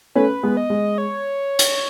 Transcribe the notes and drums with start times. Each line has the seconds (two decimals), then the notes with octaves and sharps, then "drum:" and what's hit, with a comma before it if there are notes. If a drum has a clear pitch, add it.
0.15 A3 C#4 B4
0.43 G#3 B3
0.57 D#5
0.70 G#3
0.98 C#5
1.59 drum: hi-hat